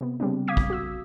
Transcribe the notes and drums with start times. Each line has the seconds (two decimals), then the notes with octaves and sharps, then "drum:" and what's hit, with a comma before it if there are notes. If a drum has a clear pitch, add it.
0.01 C3 B3
0.20 C#3 G3 C4 D4
0.48 F5 D6 D#6 G#6 B6
0.57 drum: kick
0.70 F#4 E6